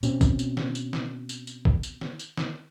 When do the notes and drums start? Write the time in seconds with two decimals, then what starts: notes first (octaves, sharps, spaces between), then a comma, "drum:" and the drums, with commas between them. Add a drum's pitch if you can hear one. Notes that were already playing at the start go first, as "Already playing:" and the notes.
0.03 B2 C4 C#4, drum: tambourine
0.21 drum: kick, tambourine
0.39 drum: tambourine
0.57 drum: snare
0.75 drum: tambourine
0.93 drum: snare
1.29 drum: tambourine
1.47 drum: tambourine
1.65 drum: kick
1.83 drum: tambourine
2.01 drum: snare
2.19 drum: tambourine
2.37 drum: snare